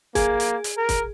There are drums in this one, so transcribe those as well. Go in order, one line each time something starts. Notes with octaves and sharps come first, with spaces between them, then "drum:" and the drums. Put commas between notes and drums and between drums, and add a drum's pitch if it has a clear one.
A#3 G#4, drum: kick, hi-hat
drum: hi-hat
drum: hi-hat
A#4
drum: kick, hi-hat